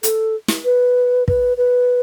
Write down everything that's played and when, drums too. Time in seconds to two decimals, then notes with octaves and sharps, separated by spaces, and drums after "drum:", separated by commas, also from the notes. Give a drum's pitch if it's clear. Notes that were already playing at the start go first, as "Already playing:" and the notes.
0.03 A4, drum: hi-hat
0.48 drum: snare
0.65 B4
1.28 B4, drum: kick
1.57 B4